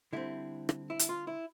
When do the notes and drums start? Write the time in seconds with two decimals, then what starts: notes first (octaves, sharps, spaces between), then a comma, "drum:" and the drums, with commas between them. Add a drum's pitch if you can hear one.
0.13 D3 G3 C4 E4
0.69 drum: rim click
0.90 E4
0.99 drum: hi-hat
1.09 F4
1.27 E4